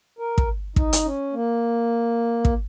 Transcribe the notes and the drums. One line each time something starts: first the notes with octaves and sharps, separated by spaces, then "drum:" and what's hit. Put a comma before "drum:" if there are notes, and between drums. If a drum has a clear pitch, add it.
A#4
drum: kick
D#4, drum: kick
drum: hi-hat
C#4
A#3
drum: kick